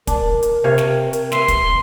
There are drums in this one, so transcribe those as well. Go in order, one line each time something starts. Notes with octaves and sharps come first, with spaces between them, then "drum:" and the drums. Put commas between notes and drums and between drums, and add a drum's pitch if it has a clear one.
D4 A#4, drum: kick, hi-hat
drum: hi-hat
C3 C#5 F5
drum: snare
drum: hi-hat
B4 E5 C6, drum: snare
drum: kick, hi-hat